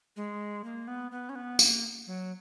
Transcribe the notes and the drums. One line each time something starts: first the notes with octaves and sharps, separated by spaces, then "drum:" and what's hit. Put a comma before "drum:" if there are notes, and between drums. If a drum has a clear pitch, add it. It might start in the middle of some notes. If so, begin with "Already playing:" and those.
G#3
A#3
B3
B3
C#4
B3
A#3, drum: tambourine
F#3